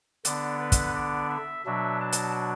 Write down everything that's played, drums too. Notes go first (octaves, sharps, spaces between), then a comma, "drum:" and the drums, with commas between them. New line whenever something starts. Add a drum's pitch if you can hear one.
D3 B3 D4 D5, drum: hi-hat
B4
drum: kick, hi-hat
D5
E5
B2 F#3 D4 E5
A5
drum: hi-hat